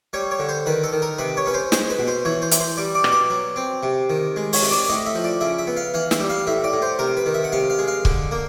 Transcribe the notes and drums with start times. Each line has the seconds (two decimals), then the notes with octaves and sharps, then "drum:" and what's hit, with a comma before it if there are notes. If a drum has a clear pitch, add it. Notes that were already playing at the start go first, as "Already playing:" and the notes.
0.13 G3 C#5
0.31 C#5
0.39 D3
0.49 C5
0.66 D#3 B4
0.84 A4
0.93 D#3
1.02 A#4
1.18 C3 B4
1.37 C#5
1.46 C#4 B4
1.54 C5
1.72 G#3 C5, drum: snare
1.90 B4
1.99 B2
2.07 C5
2.25 E3 C#5
2.42 C5
2.51 E3, drum: hi-hat
2.60 C5
2.77 G3 D5
2.95 D5
3.04 B2, drum: rim click
3.12 D5
3.30 F#3
3.56 C4
3.83 C3
4.10 D#3
4.36 G#3
4.53 C#5, drum: open hi-hat
4.61 C3
4.71 D5
4.89 A2 D#5
5.06 E5
5.15 F3
5.24 D5
5.41 C#3 E5
5.58 E5
5.67 B3
5.77 F5
5.94 E3 F5
6.11 E5, drum: snare
6.20 G3
6.29 F5
6.47 A2 E5
6.64 D5
6.73 A2
6.82 C5
6.99 C3 A#4
7.17 B4
7.26 D#3
7.34 E5
7.44 F#5
7.52 C3 F5
7.70 F5
7.79 G#3
7.88 F5
8.05 D3, drum: kick
8.31 A#3